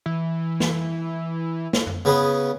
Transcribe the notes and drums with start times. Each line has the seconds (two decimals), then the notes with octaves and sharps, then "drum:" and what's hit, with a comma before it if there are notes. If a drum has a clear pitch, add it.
0.06 E3
0.60 drum: snare
1.73 drum: snare
1.87 drum: tom F#2
2.05 C#3 B3 G#4